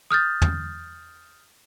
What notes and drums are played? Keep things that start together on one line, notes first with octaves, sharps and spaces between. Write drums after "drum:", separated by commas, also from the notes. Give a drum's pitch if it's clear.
D#6 F6 G6 A6
drum: tom